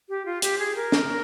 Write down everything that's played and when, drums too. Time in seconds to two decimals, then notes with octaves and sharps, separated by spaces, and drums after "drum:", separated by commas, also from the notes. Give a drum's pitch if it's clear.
0.09 G4
0.26 F4
0.42 G4, drum: hi-hat
0.59 G#4
0.75 A#4
0.92 drum: snare